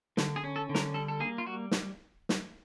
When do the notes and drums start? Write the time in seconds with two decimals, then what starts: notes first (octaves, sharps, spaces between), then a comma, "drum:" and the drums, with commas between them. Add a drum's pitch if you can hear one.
0.17 D3, drum: snare
0.36 G#4
0.44 C#4
0.56 A4
0.69 D3
0.75 A#4, drum: snare
0.94 G3 A4
1.08 A4
1.20 A#3 G#4
1.38 F4
1.46 G3 F#4
1.71 drum: snare
2.29 drum: snare